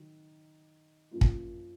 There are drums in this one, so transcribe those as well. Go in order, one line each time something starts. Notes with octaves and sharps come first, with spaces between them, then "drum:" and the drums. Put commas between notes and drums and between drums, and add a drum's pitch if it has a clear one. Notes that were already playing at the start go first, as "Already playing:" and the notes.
Already playing: D#3 F#3
F#2 F3 A#3 F4
drum: kick